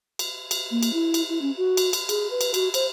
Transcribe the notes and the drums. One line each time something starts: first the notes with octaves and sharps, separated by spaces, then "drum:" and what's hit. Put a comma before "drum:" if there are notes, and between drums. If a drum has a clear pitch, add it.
drum: cymbal
drum: cymbal
A#3
drum: cymbal
E4
drum: cymbal
E4
C#4
F#4
drum: cymbal
drum: cymbal
G#4, drum: cymbal
B4
drum: cymbal
F#4, drum: cymbal
C5, drum: cymbal